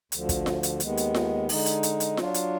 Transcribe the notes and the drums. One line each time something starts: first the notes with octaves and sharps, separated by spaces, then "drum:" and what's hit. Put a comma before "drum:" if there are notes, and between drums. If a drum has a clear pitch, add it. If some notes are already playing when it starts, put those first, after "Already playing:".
D2 D3 F3, drum: hi-hat
drum: kick, hi-hat
drum: snare F4
drum: hi-hat
D#2 D#3 G#3 B3, drum: hi-hat
drum: hi-hat
drum: snare F4
D3 G#3 D#4, drum: open hi-hat
drum: hi-hat
drum: hi-hat
drum: hi-hat
F#3 D4 F4, drum: snare F4
drum: hi-hat